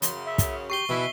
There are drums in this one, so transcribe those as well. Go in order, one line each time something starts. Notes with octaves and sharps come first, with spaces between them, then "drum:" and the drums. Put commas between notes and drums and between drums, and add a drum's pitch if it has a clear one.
F#2 C#3 C6, drum: hi-hat
E5
drum: kick, hi-hat
G4 C#6 C7 G7
B2 E3 E4 E5